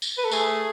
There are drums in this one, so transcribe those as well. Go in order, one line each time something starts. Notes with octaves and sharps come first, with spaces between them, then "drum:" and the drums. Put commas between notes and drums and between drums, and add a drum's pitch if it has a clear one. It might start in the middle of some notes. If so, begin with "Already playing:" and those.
drum: tambourine
B4
A4
A3 G#4, drum: tambourine